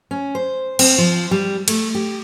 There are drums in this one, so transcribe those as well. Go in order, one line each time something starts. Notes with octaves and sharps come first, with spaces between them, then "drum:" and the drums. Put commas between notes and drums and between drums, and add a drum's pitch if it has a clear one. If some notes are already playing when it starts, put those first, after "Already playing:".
C#4
C5
C4, drum: cymbal
F3
G3
A3, drum: cymbal
G4